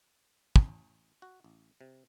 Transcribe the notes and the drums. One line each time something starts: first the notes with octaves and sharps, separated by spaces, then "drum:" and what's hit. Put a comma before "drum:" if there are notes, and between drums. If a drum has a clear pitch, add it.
A1, drum: kick
F#4
A1
C3